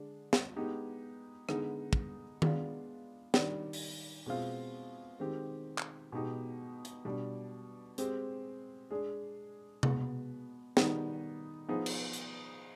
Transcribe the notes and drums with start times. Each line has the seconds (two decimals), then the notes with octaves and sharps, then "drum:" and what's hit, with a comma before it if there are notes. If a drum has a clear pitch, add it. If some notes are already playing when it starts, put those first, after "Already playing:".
Already playing: D3 G#3 D4
0.33 drum: snare
0.56 G#3 B3 D#4 G4
1.49 D3 G#3 B3 D#4 G#4, drum: rim click
1.93 drum: kick
2.42 G#3 B3 D4 F4, drum: tom D#3
3.34 D#3 G3 D4, drum: snare
3.73 drum: open hi-hat
4.26 B2 G#3 C4 F4
5.20 D#3 G#3 C4 G4
5.78 drum: clap
6.12 B2 G#3 B3 D#4 G4
6.85 drum: hi-hat
7.05 B2 G3 D4
7.98 G#3 C4 G4, drum: hi-hat
8.91 G#3 D4 G#4
9.83 B2 G#3 B3, drum: tom C3
10.77 D#3 G3 B3 D#4 G#4, drum: snare
11.69 F3 B3 D#4 G#4
11.86 drum: cymbal
12.13 drum: hi-hat